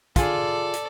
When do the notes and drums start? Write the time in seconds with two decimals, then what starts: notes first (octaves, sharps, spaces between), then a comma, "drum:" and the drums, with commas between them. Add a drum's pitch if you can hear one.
0.16 F4 G#4 A4 D5, drum: kick, hi-hat
0.73 drum: hi-hat